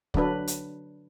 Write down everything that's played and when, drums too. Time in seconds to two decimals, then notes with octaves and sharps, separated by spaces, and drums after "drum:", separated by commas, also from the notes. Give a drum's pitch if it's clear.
0.14 D3 F#3 D4 B4, drum: kick
0.47 drum: hi-hat